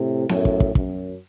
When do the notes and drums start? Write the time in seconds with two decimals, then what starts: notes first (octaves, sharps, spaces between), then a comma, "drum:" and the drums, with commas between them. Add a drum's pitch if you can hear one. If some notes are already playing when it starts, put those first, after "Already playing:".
Already playing: A2 C3
0.29 F#2 A2, drum: snare B3
0.45 drum: kick
0.60 drum: kick
0.75 F#2, drum: kick